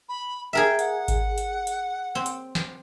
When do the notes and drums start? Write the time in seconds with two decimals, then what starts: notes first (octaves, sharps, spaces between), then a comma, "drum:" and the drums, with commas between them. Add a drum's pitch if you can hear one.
0.09 B5
0.53 G#4 A#4 E5 G5
0.79 F#5, drum: hi-hat
1.08 drum: kick G#1, hi-hat
1.38 drum: hi-hat
1.67 drum: hi-hat
2.15 C4
2.26 drum: hi-hat
2.55 drum: snare